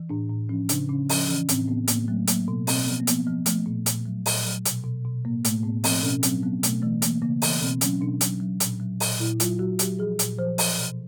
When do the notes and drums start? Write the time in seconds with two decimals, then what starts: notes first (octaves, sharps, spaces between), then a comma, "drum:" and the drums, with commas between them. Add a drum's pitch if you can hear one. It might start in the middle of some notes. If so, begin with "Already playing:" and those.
Already playing: E3
0.10 A2 D4
0.29 A2
0.49 F3 C#4
0.69 C#3 D4, drum: hi-hat
0.89 C#3 C#4
1.09 F3 C#4, drum: open hi-hat
1.29 E3 C#4
1.49 A2 C4, drum: hi-hat
1.68 A2 B3
1.88 A2 A#3, drum: hi-hat
2.08 F#3 A3
2.27 F#3 A#3, drum: hi-hat
2.47 B2 B3
2.67 B2 C4, drum: open hi-hat
2.86 F3 B3
3.00 A#3
3.07 F3 B3, drum: hi-hat
3.26 F3 B3
3.46 F3 A3, drum: hi-hat
3.66 A#2
3.86 A#2, drum: hi-hat
4.06 F#3
4.26 A#2, drum: open hi-hat
4.45 F#3
4.65 B2, drum: hi-hat
4.84 B2
5.05 B2
5.25 A2 A#3
5.45 A2 A3, drum: hi-hat
5.63 A2 B3
5.84 F3 C4, drum: open hi-hat
6.03 B2 C#4
6.23 F#3 C4, drum: hi-hat
6.42 F#3 B3
6.63 B2 A3, drum: hi-hat
6.82 E3 A3
7.02 E3 A#3, drum: hi-hat
7.22 C#3 A#3
7.42 E3 B3, drum: open hi-hat
7.62 B2 C4
7.81 F#3 C#4, drum: hi-hat
8.01 B2 D4
8.21 F#3, drum: hi-hat
8.40 F#3
8.60 A#2, drum: hi-hat
8.80 F#3
9.00 A#2, drum: open hi-hat
9.20 A#2 E4
9.40 F#3 F4, drum: hi-hat
9.59 F#3 F#4
9.79 F#3 G4, drum: hi-hat
9.99 F3 G#4
10.19 A#2, drum: hi-hat
10.38 F3 C5
10.58 F3, drum: open hi-hat
10.78 B2